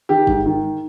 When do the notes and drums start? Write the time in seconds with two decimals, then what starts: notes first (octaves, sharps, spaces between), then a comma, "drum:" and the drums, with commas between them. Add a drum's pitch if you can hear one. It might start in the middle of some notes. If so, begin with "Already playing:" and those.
0.09 D#3 G4
0.27 G#2, drum: kick
0.46 D#3